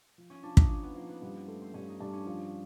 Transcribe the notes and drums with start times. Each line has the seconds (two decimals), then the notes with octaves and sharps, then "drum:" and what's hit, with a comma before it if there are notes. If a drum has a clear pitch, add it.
0.18 F3
0.30 C#4
0.43 F3 D4
0.57 D#4, drum: kick
0.69 F3 C#4
0.83 B3
0.95 F3 A#3
1.09 B3
1.22 G2 B3
1.35 B3
1.48 A3 C4
1.62 C4
1.74 G2 C#4
1.88 D#4
2.00 G2 D4
2.13 C#4
2.26 F3